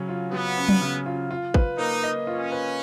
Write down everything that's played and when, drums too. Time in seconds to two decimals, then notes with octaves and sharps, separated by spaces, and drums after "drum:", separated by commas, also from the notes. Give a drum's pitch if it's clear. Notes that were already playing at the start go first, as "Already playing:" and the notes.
Already playing: C#3 F#3 C#4
0.09 F4
0.32 F#3 B3
0.58 C#4
0.69 drum: tom F#3
0.82 C#3
1.06 F4
1.31 F4
1.54 B4, drum: kick
1.78 A#3 D#4
2.03 D#5
2.27 C#4 F4
2.52 B4